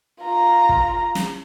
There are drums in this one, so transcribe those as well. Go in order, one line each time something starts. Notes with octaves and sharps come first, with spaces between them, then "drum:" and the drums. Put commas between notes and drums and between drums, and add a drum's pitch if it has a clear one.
F4 A#5
drum: kick
drum: snare